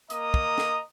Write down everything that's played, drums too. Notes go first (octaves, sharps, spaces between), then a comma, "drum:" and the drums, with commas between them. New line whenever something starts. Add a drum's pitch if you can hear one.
A#3 D#5 A#5 D#6, drum: hi-hat
drum: kick
drum: snare